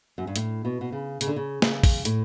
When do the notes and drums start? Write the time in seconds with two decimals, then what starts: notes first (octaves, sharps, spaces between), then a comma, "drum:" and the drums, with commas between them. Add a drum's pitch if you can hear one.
0.18 F#2
0.27 G2
0.36 A2, drum: hi-hat
0.65 B2
0.81 B2
0.92 C#3
1.21 C#3, drum: hi-hat
1.27 D3
1.36 C#3
1.62 C#3, drum: snare
1.84 drum: kick, open hi-hat
2.05 A2, drum: hi-hat